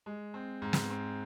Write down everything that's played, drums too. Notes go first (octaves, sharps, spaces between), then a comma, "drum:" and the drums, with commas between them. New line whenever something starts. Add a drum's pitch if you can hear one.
G#3
C4
G#2
drum: snare
C4